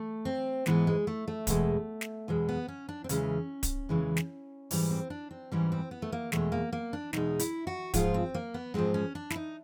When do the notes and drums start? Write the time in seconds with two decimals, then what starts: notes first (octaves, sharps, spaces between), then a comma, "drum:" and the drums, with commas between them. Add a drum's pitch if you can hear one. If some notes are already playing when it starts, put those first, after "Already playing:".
Already playing: A3
0.25 C4
0.66 G#2 E3 G#3 B3, drum: snare
0.87 G#3
1.07 A3
1.28 A3
1.47 E2 B2 G#3, drum: kick D1, hi-hat
2.01 drum: snare
2.28 E2 B2 G#3
2.49 B3
2.68 C#4
2.89 D4
3.04 C4
3.09 E2 C#3 E3 G#3 C#4, drum: hi-hat
3.63 drum: kick D1, hi-hat
3.89 E2 C#3 E3 G#3
4.17 drum: snare
4.71 G#2 E3 G3, drum: open hi-hat
4.91 C4
5.10 D4
5.31 C4
5.52 G#2 E3 G3 C#4
5.72 C4
5.91 B3
6.02 A3
6.12 A#3
6.32 E2 B2 G#3 A3, drum: snare
6.52 A#3
6.73 A#3
6.93 D4
7.13 E2 B2 G#3 D#4, drum: snare
7.39 E4, drum: hi-hat
7.67 F#4
7.94 G#2 F3 G#3 F4, drum: kick D1, hi-hat
8.14 C4
8.34 A#3
8.54 B3
8.74 G#2 F3 G#3 C4
8.94 C#4
9.15 D4
9.30 E4, drum: snare
9.36 D#4